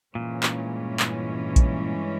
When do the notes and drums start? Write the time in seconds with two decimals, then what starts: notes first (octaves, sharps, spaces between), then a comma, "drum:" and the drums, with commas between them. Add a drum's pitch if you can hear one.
0.14 G2 A#2 E3 G#3 C#4
0.43 drum: clap
1.00 drum: clap
1.56 drum: kick A#1, hi-hat